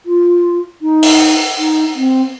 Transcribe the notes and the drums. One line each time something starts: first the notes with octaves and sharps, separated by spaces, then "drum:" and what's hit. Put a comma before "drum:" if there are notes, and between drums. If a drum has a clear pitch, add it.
F4
D#4
drum: open hi-hat
D#4
C4